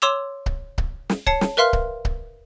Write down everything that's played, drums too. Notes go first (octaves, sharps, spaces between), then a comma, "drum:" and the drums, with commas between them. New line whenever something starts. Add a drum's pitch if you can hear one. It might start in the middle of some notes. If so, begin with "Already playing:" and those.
C#5 C6 D6 E6 E7 F7
drum: kick C#1
drum: kick C#1
drum: snare
C#5 A5 C7 C#7, drum: kick C#1
drum: snare
A#4 B4 E5 F5 C6 F6
drum: kick C#1
drum: kick C#1